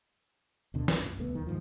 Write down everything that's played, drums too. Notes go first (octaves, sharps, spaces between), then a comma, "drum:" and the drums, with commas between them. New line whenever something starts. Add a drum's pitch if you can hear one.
D2 B2 D3
B1 F2 F3 D4, drum: snare
C2 F#2 A#2
D#1 C2 A3 B3
D#2 D#3
G#2 B2 D#3 F3